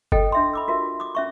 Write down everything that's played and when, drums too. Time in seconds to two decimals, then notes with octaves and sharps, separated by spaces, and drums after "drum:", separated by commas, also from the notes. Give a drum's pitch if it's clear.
0.12 A4 D#5 G5, drum: kick F#1
0.32 D4 E5 C6
0.54 B5 D6 E6
0.68 F4 F#4 A#4 E5
1.00 D6 D#6
1.15 C#4 E5 C#6